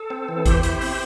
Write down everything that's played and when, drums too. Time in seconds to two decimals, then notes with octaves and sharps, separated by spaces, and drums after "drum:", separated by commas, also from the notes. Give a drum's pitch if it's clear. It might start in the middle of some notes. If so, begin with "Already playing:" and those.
Already playing: A4
0.10 C4
0.29 E3
0.46 E2 G4 C5, drum: kick G#1, hi-hat
0.63 E4, drum: hi-hat
0.81 C4, drum: open hi-hat